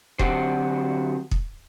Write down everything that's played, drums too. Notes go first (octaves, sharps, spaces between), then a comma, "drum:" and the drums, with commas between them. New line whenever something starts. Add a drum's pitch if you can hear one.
D3 F#3 C4 F#4 G4 C5, drum: kick
drum: kick